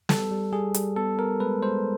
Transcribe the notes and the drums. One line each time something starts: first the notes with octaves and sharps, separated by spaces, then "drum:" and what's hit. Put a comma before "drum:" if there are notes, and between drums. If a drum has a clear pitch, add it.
G3 A4, drum: snare
G3
G3 G#4
G3, drum: hi-hat
B3 A4
B3 A#4
G#3 B4
G#3 C5